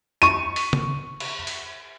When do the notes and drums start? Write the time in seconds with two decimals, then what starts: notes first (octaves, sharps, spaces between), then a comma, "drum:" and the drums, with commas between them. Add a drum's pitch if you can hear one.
0.22 C#6 D#7
0.56 drum: open hi-hat
0.73 drum: tom C#3
1.20 drum: cymbal
1.47 drum: open hi-hat